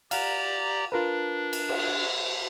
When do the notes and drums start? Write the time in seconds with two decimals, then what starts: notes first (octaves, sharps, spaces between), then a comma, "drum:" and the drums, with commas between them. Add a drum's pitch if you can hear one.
0.11 G4 D5 F5 F#5 A#5, drum: cymbal
0.92 D4 F4 A#4 B4
1.53 drum: cymbal
1.69 drum: cymbal